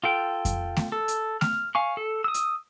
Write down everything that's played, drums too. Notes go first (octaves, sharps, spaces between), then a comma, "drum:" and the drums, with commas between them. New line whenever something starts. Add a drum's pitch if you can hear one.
F4 A4 G5
drum: kick F2, hi-hat
drum: snare A3
A4
drum: hi-hat
F6, drum: snare A3
F5 G#5 C#6
A4
D#6 E6
drum: hi-hat